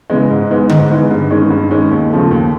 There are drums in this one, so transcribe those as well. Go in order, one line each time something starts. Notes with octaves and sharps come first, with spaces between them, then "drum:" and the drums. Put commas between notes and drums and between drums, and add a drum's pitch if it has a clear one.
C#3 E3 G#3
G#2
E3 G#3 B3 D#4
G#2, drum: tom D3
E3 G#3 B3 D#4
G2
D#3 G#3 C#4
G2
D#3 G#3 C#4
D#2
C#3 F3 A3
D#2